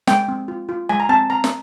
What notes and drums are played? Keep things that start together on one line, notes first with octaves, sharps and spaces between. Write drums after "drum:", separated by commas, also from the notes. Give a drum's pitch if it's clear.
G#3 G5, drum: snare
C4
F4
F4
G#3 G#5
A#5
C4 A5
C4 A#5
drum: snare